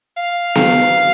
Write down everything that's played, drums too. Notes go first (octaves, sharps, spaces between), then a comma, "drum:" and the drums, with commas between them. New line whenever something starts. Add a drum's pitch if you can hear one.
F5
drum: snare B3